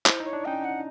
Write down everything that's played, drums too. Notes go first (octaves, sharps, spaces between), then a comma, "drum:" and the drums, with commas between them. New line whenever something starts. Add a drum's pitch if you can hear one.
E4 C5, drum: clap
D#4 C#5
D4
C#4 D#4 G5
F#5